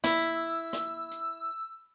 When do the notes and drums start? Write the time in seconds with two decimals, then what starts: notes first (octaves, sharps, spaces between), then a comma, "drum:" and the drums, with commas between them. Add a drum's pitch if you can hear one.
0.04 E4 E6, drum: snare
0.21 drum: hi-hat
0.73 drum: rim click
1.11 drum: hi-hat